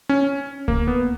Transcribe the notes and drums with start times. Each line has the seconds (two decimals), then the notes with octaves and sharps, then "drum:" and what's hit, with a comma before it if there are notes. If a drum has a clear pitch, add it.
0.09 C#4
0.68 A#3, drum: kick C#2
0.87 B3